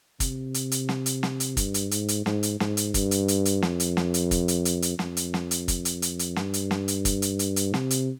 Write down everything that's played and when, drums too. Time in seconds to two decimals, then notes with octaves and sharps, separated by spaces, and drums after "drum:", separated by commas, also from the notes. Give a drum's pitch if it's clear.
0.20 C3, drum: kick, hi-hat
0.54 drum: hi-hat
0.72 drum: hi-hat
0.89 drum: snare
1.06 drum: hi-hat
1.23 drum: snare
1.40 drum: hi-hat
1.57 G2, drum: kick, hi-hat
1.74 drum: hi-hat
1.91 G#2, drum: hi-hat
2.08 drum: hi-hat
2.26 G#2, drum: snare
2.43 drum: hi-hat
2.60 G#2, drum: snare
2.77 drum: hi-hat
2.94 G2, drum: kick, hi-hat
3.11 drum: hi-hat
3.28 drum: hi-hat
3.45 drum: hi-hat
3.62 F2, drum: snare
3.80 drum: hi-hat
3.97 drum: snare
4.14 drum: hi-hat
4.31 drum: kick, hi-hat
4.48 drum: hi-hat
4.65 drum: hi-hat
4.82 drum: hi-hat
4.99 F2, drum: snare
5.17 drum: hi-hat
5.34 drum: snare
5.51 drum: hi-hat
5.68 drum: kick, hi-hat
5.85 drum: hi-hat
6.02 drum: hi-hat
6.19 drum: hi-hat
6.36 G2, drum: snare
6.54 drum: hi-hat
6.71 drum: snare
6.88 drum: hi-hat
7.05 drum: kick, hi-hat
7.22 drum: hi-hat
7.39 drum: hi-hat
7.56 drum: hi-hat
7.74 C3, drum: snare
7.91 drum: hi-hat